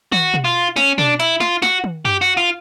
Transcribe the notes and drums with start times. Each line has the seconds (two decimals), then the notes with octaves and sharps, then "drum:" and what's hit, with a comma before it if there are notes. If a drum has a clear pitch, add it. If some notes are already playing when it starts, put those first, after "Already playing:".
0.12 F#4, drum: tom
0.34 drum: tom B2
0.45 F4
0.76 C#4, drum: snare
0.98 D4, drum: tom B2
1.20 E4, drum: hi-hat
1.40 F4, drum: snare
1.62 F#4, drum: snare
1.84 drum: tom
2.05 G4, drum: tom F#2
2.21 F#4
2.37 F4